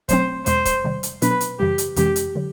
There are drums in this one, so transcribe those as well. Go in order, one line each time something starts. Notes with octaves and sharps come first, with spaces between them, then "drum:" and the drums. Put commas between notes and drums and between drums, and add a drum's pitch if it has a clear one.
B2 F#3 A3 C4 C5, drum: kick, hi-hat
E2 B2 G#3 C5, drum: hi-hat
drum: kick, hi-hat
C3 D#3 G3
drum: hi-hat
B2 F#3 B3 D4 B4, drum: hi-hat
drum: hi-hat
F#2 C#3 E3 G3 G4
drum: hi-hat
F2 C3 E3 G#3 C#4 G4, drum: hi-hat
drum: hi-hat
D3 F#3